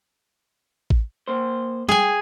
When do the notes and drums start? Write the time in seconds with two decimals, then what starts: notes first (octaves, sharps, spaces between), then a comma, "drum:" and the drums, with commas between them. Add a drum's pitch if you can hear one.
0.90 drum: kick A1
1.28 A#3 C5
1.89 G#4 G5 G#5, drum: tom G3